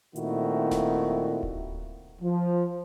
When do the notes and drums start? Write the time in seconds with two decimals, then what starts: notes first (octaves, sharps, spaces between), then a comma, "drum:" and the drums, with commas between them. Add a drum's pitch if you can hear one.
0.16 A#2 D#3 A3 C4 E4 F#4, drum: hi-hat
0.71 drum: snare D#1
1.43 drum: kick D1
2.22 F3